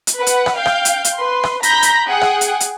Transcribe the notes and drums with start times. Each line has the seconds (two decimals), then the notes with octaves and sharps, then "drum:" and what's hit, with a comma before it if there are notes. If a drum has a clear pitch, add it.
0.07 drum: hi-hat
0.17 B4 F#5
0.27 drum: hi-hat
0.46 drum: rim click
0.56 F5 G5 G6
0.66 drum: rim click
0.85 drum: hi-hat
1.05 drum: hi-hat
1.16 B4 C6
1.43 drum: rim click
1.63 A#5 B5 G6 A#6 B6, drum: hi-hat
1.82 drum: hi-hat
2.07 G#4 F#5 G5
2.21 drum: rim click
2.41 drum: hi-hat
2.60 drum: hi-hat